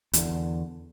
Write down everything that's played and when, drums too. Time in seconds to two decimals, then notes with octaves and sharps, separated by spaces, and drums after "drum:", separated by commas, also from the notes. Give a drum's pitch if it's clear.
0.13 E2 D3, drum: hi-hat